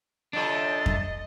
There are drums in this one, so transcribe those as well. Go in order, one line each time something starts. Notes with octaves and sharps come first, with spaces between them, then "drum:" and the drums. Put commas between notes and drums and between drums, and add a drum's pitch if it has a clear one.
F#2 C3 D4 F4 A4 D#5 A6
drum: kick F2